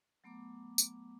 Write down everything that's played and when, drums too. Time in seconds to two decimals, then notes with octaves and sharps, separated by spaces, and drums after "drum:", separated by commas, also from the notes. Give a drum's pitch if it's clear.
0.24 F#3 A3 B3 A#5 D6
0.78 drum: tambourine